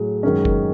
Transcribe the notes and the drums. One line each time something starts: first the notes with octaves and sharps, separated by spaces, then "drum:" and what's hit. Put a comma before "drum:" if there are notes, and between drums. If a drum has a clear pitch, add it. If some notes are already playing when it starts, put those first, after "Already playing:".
Already playing: A2 F#3 A3 G#4
F#2 D#3 G#3 C#4
drum: kick F#1